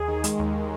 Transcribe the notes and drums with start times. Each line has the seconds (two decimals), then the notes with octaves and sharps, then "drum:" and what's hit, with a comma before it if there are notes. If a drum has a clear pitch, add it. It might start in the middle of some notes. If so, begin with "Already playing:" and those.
Already playing: D#2 G#4
0.08 D#3
0.24 G#3, drum: hi-hat
0.39 D#2